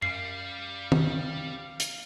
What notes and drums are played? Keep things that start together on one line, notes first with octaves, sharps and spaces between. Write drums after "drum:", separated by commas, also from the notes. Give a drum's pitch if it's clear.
F#2 G3 F5 C7
drum: tom
drum: hi-hat